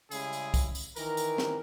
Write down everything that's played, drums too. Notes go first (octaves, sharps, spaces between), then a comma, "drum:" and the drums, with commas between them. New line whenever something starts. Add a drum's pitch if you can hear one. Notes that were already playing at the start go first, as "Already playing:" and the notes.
C#3 G3 G#3 E4 G#4, drum: tambourine
drum: tambourine
drum: kick, tambourine
drum: tambourine
D#3 E3 A#4, drum: tambourine
drum: tambourine
drum: snare